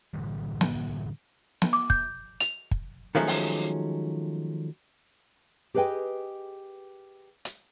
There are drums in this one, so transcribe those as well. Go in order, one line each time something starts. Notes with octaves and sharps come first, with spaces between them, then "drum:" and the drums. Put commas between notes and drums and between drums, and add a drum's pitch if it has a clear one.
A2 D3 E3 G3
drum: snare
drum: snare
D6
G6, drum: kick
F7, drum: hi-hat
drum: kick
D#3 F3 F#3 G#3 A3 C#4
drum: open hi-hat
G4 G#4 B4 D#5 G5 G#5
drum: hi-hat